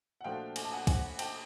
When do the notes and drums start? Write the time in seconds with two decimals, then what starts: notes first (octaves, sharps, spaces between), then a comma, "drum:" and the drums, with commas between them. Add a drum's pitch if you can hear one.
0.21 F#5
0.24 A#2 F3 A3 D4 F#4 F5 G5
0.56 G#5, drum: cymbal
0.65 A5
0.72 F#5 G#5
0.87 F#5 G#5, drum: kick, cymbal
1.19 G5 A5, drum: cymbal